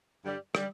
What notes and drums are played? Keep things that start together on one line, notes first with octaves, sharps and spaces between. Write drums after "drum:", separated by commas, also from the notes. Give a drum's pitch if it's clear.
G2 D3 G3
D3 G3, drum: rim click